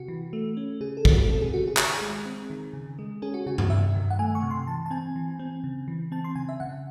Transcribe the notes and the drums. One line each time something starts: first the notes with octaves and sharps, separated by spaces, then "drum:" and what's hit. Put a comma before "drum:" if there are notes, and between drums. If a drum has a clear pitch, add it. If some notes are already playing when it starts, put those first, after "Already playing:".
Already playing: C3 F#4
E3
A3
C#4
C#3 G#4
A4
G#3, drum: kick
F#4
C4 A4
G#4
C#3 F#4
G#4
D#3, drum: clap
G#3
C4
D#3
C#3
G#3
C#4 G#4
F#4
C#3 F#4
F#4, drum: tom G2
C3 E5
D#3
F#5
A3 G#5
C#6
C3
C6
E3 A5
A5
C4 G#5
E3
C4
C#3
E3
C4 A5
C6
C#3 G#5
E5
C#3 F#5